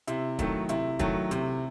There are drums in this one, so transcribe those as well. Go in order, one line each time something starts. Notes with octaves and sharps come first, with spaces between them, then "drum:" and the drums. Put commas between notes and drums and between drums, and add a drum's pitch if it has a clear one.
C3 E4, drum: hi-hat
D#3 F#3 A3, drum: kick, hi-hat
C3 E4, drum: hi-hat
D#3 F#3 A3, drum: kick, hi-hat
C3, drum: hi-hat